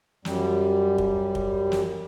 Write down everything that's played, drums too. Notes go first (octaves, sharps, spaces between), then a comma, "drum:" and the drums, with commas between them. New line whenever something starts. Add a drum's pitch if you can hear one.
F#2 G3, drum: snare
drum: kick
drum: kick
drum: snare